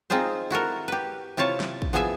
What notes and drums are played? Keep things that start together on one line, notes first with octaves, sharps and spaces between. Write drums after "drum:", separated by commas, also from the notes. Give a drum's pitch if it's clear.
C4 D#4 F4 G#4 C5
E4 F#4 A4 A#4
G4 B4
C3 E4 F4 C#5 A5
drum: snare
drum: kick
F3 B3 E4 G#4 E5 G#5